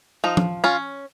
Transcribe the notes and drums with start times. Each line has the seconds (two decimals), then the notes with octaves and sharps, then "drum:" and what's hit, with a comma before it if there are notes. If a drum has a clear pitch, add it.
0.24 F3 D#4
0.37 drum: tom F3
0.64 C#4 F4